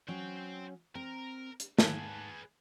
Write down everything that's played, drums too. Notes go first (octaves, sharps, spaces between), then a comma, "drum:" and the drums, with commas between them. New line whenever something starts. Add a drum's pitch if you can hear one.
F#3 C#4 C5 G5
C4 A#4
drum: hi-hat
G#2 G#4 B4 A5, drum: snare